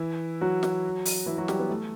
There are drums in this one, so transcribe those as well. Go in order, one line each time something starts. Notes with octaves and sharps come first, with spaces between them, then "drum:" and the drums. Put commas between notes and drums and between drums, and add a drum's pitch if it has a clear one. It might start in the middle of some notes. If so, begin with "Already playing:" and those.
Already playing: E3 E4
F#3 F#4
drum: snare
drum: open hi-hat
E3 E4
F#3 F#4
G3 G4, drum: snare
B3
A3